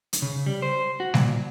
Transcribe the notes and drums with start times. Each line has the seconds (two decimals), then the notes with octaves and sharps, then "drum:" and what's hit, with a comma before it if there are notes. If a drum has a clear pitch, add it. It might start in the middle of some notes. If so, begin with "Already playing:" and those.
0.13 drum: hi-hat
0.22 C#3
0.46 G3
0.62 C5
1.00 F#4
1.14 A#2, drum: snare G3